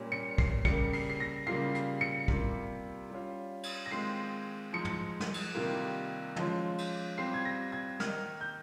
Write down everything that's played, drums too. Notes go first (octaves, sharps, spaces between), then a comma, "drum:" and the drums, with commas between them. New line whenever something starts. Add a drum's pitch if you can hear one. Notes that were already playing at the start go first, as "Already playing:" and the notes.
Already playing: A#2 G3 A#3 C#4
C#7
C7, drum: kick
C#3 G3 A#3 C#7, drum: kick
C7, drum: open hi-hat
C7
A#6
C#3 G3 A#3 F4 C7
C7, drum: hi-hat
C#7
C3 G3 A#3 F4, drum: kick
G3 C#4 F4
drum: cymbal
A#6
D#3 G#3 C4 F4 C7
F3 G#3 D#4 C#7
drum: tom
drum: snare
drum: cymbal
C3 D#3 G3 A#3 F4
F3 G#3 C#4 F4, drum: tom
drum: cymbal
G3 C4 F4 C7
G#6
A#6
G#6
D#3 A#3 D#4 F6, drum: snare
G6